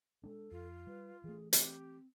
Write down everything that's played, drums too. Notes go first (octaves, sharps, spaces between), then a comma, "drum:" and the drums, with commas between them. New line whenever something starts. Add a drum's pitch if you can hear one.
G#3 D4 A4
F2 F4
G3 B4
E3 A3 G#4
C4 G4, drum: hi-hat